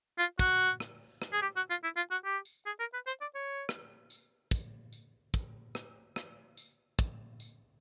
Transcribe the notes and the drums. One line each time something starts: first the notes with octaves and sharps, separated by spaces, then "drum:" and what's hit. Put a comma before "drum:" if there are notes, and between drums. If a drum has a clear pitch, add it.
F4
F#4, drum: kick, tambourine
drum: rim click
drum: rim click
G#4
G4
F#4
F4
E4
F4
F#4
G4
drum: tambourine
G#4
A#4
B4
C5
D5
C#5
drum: rim click
drum: tambourine
drum: kick, tambourine
drum: tambourine
drum: kick, tambourine
drum: rim click
drum: rim click
drum: tambourine
drum: kick, tambourine
drum: tambourine